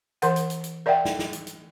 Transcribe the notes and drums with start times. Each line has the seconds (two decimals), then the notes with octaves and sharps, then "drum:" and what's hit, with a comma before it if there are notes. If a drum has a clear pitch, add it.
0.22 E3 A#4 F#5, drum: hi-hat
0.36 drum: hi-hat
0.50 drum: hi-hat
0.64 drum: hi-hat
0.86 A#4 D5 E5 F#5 G5
1.05 drum: snare
1.19 drum: snare
1.33 drum: hi-hat
1.47 drum: hi-hat